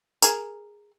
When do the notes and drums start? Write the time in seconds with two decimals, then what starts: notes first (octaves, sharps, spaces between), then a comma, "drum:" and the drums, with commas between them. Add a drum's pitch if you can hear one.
0.22 G#4 A#4, drum: tambourine